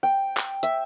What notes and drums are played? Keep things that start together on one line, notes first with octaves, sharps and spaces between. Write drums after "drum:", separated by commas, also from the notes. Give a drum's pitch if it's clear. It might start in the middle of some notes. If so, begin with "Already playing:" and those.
G5
drum: clap
E5, drum: hi-hat